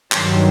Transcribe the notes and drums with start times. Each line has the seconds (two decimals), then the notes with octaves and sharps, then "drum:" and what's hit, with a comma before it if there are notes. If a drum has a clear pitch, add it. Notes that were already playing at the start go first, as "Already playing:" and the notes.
0.12 G2 D#3 F#3 A5 C6, drum: clap